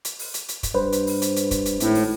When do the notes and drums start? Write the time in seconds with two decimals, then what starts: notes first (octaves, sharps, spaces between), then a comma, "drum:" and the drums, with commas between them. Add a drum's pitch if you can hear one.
0.05 drum: hi-hat
0.19 drum: open hi-hat
0.34 drum: hi-hat
0.49 drum: hi-hat
0.63 drum: kick, hi-hat
0.74 G2 B4 C5
0.92 drum: hi-hat
1.07 drum: open hi-hat
1.22 drum: hi-hat
1.36 drum: hi-hat
1.51 drum: kick, hi-hat
1.66 drum: hi-hat
1.80 G#1 A2, drum: hi-hat
1.95 drum: open hi-hat